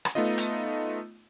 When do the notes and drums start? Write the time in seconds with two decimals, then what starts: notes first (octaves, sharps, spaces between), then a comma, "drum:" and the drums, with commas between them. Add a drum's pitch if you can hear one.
0.05 drum: rim click
0.15 A3 B3 D#4 F4 D#5
0.38 drum: hi-hat